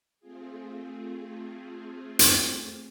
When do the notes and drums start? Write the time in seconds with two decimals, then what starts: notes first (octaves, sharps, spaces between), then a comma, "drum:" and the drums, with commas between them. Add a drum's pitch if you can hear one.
0.20 A3 C4 F4 G#4
2.19 drum: hi-hat